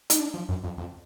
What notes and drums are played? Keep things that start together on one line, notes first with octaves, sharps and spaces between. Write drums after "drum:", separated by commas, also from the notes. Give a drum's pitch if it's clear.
D#4, drum: hi-hat
D4
F3
F#2
F2
F2